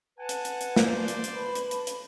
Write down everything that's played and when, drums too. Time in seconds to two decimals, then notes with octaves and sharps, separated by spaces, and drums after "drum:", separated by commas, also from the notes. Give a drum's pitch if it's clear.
0.18 B4 F#5 G#5 A5
0.29 drum: hi-hat
0.45 drum: hi-hat
0.61 drum: hi-hat
0.76 C5 D5, drum: snare
1.08 drum: hi-hat
1.24 drum: hi-hat
1.34 B4 A5 B5
1.55 drum: hi-hat
1.71 drum: hi-hat
1.87 drum: hi-hat